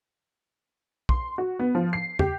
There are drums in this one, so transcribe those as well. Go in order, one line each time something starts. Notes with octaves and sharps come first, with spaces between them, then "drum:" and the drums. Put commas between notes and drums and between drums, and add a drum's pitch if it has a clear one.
C6, drum: kick
F#4
B3
F3
C7
G4, drum: tom